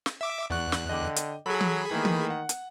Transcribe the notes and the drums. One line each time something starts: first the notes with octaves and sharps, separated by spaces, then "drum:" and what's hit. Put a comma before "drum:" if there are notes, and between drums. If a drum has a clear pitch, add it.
drum: snare
E5 D6
E2 D5 F#5 C#6 F#6
drum: snare
D3 D#5 G5 D6
drum: hi-hat
F#3 G#4 A4 B5
drum: tom
D#3 E3 A3 A#3
drum: tom
F#5
drum: hi-hat